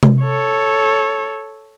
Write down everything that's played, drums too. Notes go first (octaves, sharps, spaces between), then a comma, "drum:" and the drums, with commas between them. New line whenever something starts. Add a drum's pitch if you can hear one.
drum: tom C3
A4 C#5